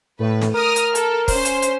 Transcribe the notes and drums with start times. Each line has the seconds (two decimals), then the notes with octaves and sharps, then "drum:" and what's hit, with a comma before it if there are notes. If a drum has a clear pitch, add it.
0.19 A2 A3 B4
0.41 drum: snare
0.54 A#4 D#6 F6
0.76 drum: hi-hat
0.95 A4, drum: hi-hat
1.28 C#4 C5, drum: kick, open hi-hat
1.45 drum: hi-hat
1.62 drum: hi-hat